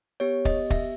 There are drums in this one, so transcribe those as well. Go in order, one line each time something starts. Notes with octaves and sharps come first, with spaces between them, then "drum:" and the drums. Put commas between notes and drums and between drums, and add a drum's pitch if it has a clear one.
B3 G4 C#5
D#5, drum: kick
E5, drum: kick